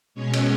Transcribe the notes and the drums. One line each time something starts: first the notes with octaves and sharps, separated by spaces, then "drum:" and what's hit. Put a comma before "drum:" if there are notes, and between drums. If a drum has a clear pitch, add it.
B2 G#3 C#4 C#5
drum: cymbal